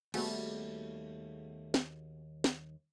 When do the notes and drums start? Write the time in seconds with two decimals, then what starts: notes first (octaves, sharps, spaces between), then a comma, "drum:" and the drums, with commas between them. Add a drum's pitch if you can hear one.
0.14 D#2 G3 A3 B3 F#4 G#4, drum: cymbal
1.74 drum: snare
2.44 drum: snare